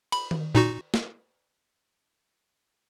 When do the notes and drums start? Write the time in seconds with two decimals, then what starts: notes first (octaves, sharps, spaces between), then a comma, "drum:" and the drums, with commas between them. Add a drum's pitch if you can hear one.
0.12 B5, drum: cymbal
0.31 drum: tom D#3
0.55 A#2 D#4 F#4
0.94 drum: snare